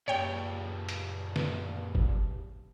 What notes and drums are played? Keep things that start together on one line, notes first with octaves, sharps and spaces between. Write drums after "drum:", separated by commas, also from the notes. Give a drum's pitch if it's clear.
F#2 A#2 C#3 G4 B4 C#5 G5 A5
drum: hi-hat
drum: snare
drum: kick